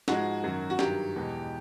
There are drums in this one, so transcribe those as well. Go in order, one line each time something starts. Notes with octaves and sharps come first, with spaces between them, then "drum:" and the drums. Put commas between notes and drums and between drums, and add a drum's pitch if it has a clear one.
G#2 F3 G#3 F#4, drum: snare
F#2 D#3 F#3
F#4
G2 D#3 F#3 G4, drum: snare
E2 B2 G#3